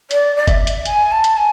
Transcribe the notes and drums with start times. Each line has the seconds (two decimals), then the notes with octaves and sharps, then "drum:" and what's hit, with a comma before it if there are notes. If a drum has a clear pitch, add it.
0.11 D5, drum: hi-hat
0.36 D5
0.48 E5, drum: kick F#1, hi-hat
0.67 drum: hi-hat
0.85 G#5, drum: hi-hat
1.12 A5
1.24 drum: hi-hat
1.37 G#5